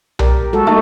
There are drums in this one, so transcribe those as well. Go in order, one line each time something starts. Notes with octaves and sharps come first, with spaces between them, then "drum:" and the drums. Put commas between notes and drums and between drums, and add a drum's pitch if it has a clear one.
G4 A#4 D5, drum: tom B1
G#3 F#4 A4
A3 A#3 D#4 E4